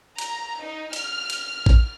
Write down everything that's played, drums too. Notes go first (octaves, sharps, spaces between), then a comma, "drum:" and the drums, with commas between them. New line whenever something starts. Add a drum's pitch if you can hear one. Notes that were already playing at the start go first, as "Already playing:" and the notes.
A#5, drum: cymbal
D#4
F6, drum: cymbal
drum: cymbal
drum: kick